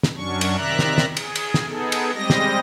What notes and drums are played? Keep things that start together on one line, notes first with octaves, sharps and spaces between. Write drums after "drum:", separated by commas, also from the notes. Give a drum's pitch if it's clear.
drum: snare
F#2 F#3 C#4 D4 C#6
drum: cymbal
C3 D#3 D5 E5 A#5 F#6
drum: snare
drum: snare
G#4, drum: cymbal
drum: cymbal
drum: snare
B3 D#4 G#4 A4
drum: cymbal
G3 G#3 C4 G4 D#5 A#6
drum: snare